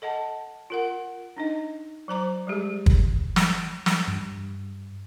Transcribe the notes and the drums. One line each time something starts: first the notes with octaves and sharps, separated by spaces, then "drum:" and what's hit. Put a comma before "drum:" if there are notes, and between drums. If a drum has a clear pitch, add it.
A4 D#5 F#5 A5
F4 A#4 F#5
D4 D#4 D#5
F#3 C5 A#5 D6
G3 G#3 G4 G#4
drum: kick
drum: snare
drum: snare
G2